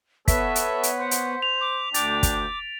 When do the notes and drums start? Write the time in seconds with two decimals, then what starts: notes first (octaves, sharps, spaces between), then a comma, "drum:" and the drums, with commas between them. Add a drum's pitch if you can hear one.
0.28 B3 A4 B4 C#5 E5 B6, drum: kick, hi-hat
0.55 drum: hi-hat
0.83 drum: hi-hat
0.99 C5 F#5
1.11 drum: hi-hat
1.42 F7
1.61 D6
1.94 D2 D4 G5 D6 A6 D7, drum: hi-hat
2.23 drum: kick, hi-hat